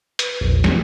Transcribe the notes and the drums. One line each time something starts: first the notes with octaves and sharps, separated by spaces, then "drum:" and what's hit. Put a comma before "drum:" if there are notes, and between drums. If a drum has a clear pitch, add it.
B4, drum: hi-hat
A#1 E2
G#3 A3 B3 C#4 G4, drum: snare